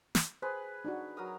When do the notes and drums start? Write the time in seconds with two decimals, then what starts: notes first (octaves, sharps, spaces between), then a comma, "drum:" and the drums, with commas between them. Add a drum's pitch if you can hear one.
0.15 drum: snare
0.42 G#4 B4 C5
0.85 D4 D#4 F#4
1.17 F#3 A#4 D#6